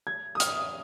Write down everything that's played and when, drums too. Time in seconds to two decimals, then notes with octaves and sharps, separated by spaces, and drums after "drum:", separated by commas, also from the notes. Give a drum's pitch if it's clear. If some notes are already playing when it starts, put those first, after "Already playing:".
0.07 G#6
0.35 D#6
0.40 F6, drum: hi-hat